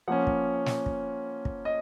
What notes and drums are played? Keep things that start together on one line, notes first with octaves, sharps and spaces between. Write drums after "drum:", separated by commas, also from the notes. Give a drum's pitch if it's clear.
F3 A#3 C#4 F#5
drum: kick
drum: snare
drum: kick
drum: kick
D#5